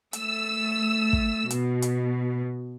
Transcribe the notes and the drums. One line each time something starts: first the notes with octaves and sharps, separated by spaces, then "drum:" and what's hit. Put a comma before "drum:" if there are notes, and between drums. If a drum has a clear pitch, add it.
A3 E6, drum: hi-hat
drum: kick
B2, drum: hi-hat
drum: hi-hat